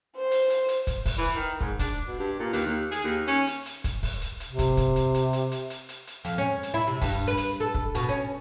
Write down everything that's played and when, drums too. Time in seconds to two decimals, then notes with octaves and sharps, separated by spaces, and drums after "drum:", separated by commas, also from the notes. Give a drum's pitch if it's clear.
0.16 C5
0.31 drum: hi-hat
0.50 drum: hi-hat
0.68 drum: hi-hat
0.87 drum: kick, hi-hat
1.06 drum: kick, open hi-hat
1.18 E3
1.36 D#3
1.61 G#2, drum: kick
1.79 D4, drum: kick, hi-hat
2.07 B2
2.19 G2
2.39 A#2
2.53 D#2, drum: hi-hat
2.67 D#2
2.91 G#4, drum: hi-hat
3.04 D#2
3.27 C#4, drum: hi-hat
3.47 drum: hi-hat
3.66 drum: hi-hat
3.84 drum: kick, hi-hat
4.03 drum: kick, open hi-hat
4.21 drum: hi-hat
4.40 drum: hi-hat
4.50 C3
4.59 drum: kick, hi-hat
4.77 drum: kick, hi-hat
4.96 drum: hi-hat
5.14 drum: hi-hat
5.33 drum: hi-hat
5.52 drum: hi-hat
5.70 drum: hi-hat
5.89 drum: hi-hat
6.07 drum: hi-hat
6.25 F2, drum: hi-hat
6.38 C#4
6.63 drum: hi-hat
6.74 E4
6.87 C3
7.02 G2, drum: kick, open hi-hat
7.27 B4
7.37 drum: hi-hat
7.60 A4
7.74 drum: kick
7.95 B2, drum: hi-hat
8.09 C#4